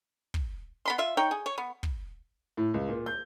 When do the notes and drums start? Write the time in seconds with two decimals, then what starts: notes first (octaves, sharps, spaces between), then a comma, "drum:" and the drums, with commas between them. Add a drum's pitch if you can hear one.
0.34 drum: kick
0.85 B3 B5 C6
0.98 F4 E5
1.17 D#4 C#5 G5
1.31 G#4
1.46 C#5
1.58 B3
1.83 drum: kick
2.57 A2
2.74 C#2
2.88 A#2
3.06 G6